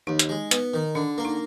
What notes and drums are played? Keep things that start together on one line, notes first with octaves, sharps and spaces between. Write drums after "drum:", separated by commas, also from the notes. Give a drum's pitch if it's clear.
D#2 D#4
drum: hi-hat
G#3
B3, drum: hi-hat
D#3
D3 D4
A#3
D#4